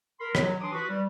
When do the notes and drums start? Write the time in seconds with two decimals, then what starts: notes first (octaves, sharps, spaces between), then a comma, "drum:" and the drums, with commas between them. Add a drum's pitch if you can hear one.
0.20 A#4 B5 C6
0.35 F#3, drum: rim click
0.61 E3 D4 C6 D6 D#6
0.73 F#4 B4
0.89 G3